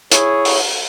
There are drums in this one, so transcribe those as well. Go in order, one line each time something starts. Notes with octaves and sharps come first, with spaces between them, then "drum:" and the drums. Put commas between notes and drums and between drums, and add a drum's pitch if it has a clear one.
E4 G#4 C#5, drum: hi-hat
drum: open hi-hat